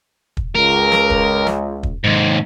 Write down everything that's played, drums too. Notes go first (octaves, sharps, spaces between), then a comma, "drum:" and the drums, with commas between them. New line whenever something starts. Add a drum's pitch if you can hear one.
drum: kick
C#2 A#4
drum: snare
drum: kick
drum: snare
drum: kick
D#2 G#2